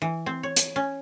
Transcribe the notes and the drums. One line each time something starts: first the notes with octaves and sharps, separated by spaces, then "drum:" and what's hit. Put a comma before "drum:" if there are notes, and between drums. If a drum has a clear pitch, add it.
E3
C4
C#5
drum: hi-hat
C#4